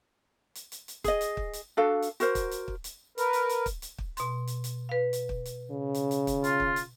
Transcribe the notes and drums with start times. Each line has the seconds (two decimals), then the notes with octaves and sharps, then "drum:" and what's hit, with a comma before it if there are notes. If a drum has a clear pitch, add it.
0.55 drum: hi-hat
0.72 drum: hi-hat
0.88 drum: hi-hat
1.04 G#4 D#5, drum: kick, hi-hat
1.21 drum: hi-hat
1.37 drum: kick
1.53 drum: hi-hat
1.77 D4 F#4 A4 F5
2.02 drum: hi-hat
2.20 F#4 A#4 C5, drum: hi-hat
2.35 drum: kick, hi-hat
2.51 drum: hi-hat
2.68 drum: kick
2.84 drum: hi-hat
3.18 A#4 B4, drum: hi-hat
3.33 drum: hi-hat
3.49 drum: hi-hat
3.66 drum: kick, hi-hat
3.82 drum: hi-hat
3.98 drum: kick
4.17 B2 C6, drum: hi-hat
4.47 drum: hi-hat
4.64 drum: hi-hat
4.89 B4 F5
5.13 drum: hi-hat
5.29 drum: kick
5.45 drum: hi-hat
5.71 C#3
5.94 drum: hi-hat
6.11 drum: hi-hat
6.27 drum: kick, hi-hat
6.44 F4, drum: hi-hat
6.60 drum: kick
6.76 drum: hi-hat